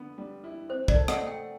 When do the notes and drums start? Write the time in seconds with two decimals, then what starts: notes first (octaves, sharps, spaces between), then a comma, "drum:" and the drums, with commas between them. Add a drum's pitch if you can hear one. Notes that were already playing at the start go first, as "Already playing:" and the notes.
Already playing: D3 B3
0.18 G3
0.44 E4
0.69 C4 C5
0.88 D5, drum: kick
0.95 A4
1.08 F#5, drum: rim click
1.21 A3
1.27 G5